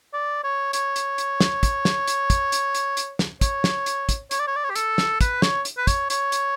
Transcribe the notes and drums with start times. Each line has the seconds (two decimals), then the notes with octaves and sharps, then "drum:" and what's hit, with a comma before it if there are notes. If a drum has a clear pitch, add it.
0.14 D5
0.44 C#5
0.73 C#5, drum: hi-hat
0.96 drum: hi-hat
1.18 drum: hi-hat
1.40 drum: snare
1.63 drum: kick, hi-hat
1.85 drum: snare
2.08 drum: hi-hat
2.30 drum: kick, hi-hat
2.52 drum: hi-hat
2.75 drum: hi-hat
2.97 drum: hi-hat
3.19 drum: snare
3.41 C#5, drum: kick, hi-hat
3.64 drum: snare
3.86 drum: hi-hat
4.09 drum: kick, hi-hat
4.31 C#5, drum: hi-hat
4.39 D5
4.47 C#5
4.56 D5
4.64 C#5
4.70 G4
4.76 A4, drum: hi-hat
4.98 drum: snare
5.21 B4, drum: kick, hi-hat
5.42 C#5, drum: snare
5.65 drum: hi-hat
5.78 B4
5.87 C#5, drum: kick, hi-hat
6.10 C#5, drum: hi-hat
6.32 drum: hi-hat